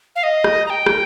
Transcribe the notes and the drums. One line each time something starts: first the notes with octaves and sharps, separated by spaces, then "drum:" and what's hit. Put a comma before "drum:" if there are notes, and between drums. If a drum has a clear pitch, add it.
F5
D#5
drum: rim click
A#5
G5
drum: rim click